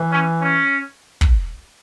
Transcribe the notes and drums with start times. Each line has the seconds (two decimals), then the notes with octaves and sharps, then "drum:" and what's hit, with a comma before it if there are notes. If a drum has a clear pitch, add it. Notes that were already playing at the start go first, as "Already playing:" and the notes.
Already playing: E3
0.12 C#4
0.41 C#4
1.21 drum: kick